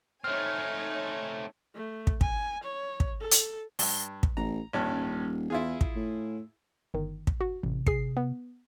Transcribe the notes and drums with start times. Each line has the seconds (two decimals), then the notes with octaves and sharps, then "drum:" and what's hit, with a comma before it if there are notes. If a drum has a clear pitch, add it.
0.24 A3 C4 D#4 C#5 G#5 F6
1.74 A3
2.07 drum: kick
2.21 G#5, drum: kick
2.64 C#5
3.00 drum: kick
3.21 A4
3.31 drum: hi-hat
3.79 G2, drum: open hi-hat
4.23 drum: kick
4.37 A1 A#5
4.73 D#1 A1 G2 C#4
5.50 E2 E4 F4 G#4
5.81 drum: kick
5.96 A2
6.94 G1 D#3
7.27 drum: kick
7.41 F#4
7.63 A1 C3
7.87 G#4 C7, drum: kick
8.17 B3